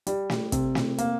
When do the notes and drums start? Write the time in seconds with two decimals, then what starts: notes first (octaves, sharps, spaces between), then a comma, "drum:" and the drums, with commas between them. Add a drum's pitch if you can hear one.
0.07 G3, drum: hi-hat
0.30 drum: snare
0.52 C3, drum: kick, hi-hat
0.75 drum: snare
0.98 A#3, drum: hi-hat